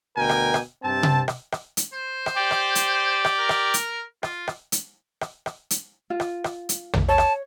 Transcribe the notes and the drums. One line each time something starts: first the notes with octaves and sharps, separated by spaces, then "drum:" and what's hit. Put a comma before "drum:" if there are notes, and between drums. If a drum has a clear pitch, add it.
D2 B2 A#4 G5 G#5
drum: rim click
drum: rim click
G2 C3 C4 A5
drum: tom C3
drum: rim click
drum: rim click
drum: hi-hat
C5
drum: rim click
G4 D5
drum: rim click
drum: hi-hat
drum: rim click
A#4
drum: rim click
drum: hi-hat
F4, drum: rim click
drum: rim click
drum: hi-hat
drum: rim click
drum: rim click
drum: hi-hat
F4
drum: rim click
drum: rim click
drum: hi-hat
drum: tom
C#5 A5
drum: rim click